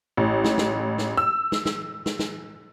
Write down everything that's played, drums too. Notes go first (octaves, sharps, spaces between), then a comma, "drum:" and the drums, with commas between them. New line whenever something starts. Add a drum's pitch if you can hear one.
A1
drum: snare
drum: snare
drum: snare
E6
drum: snare
drum: snare
drum: snare
drum: snare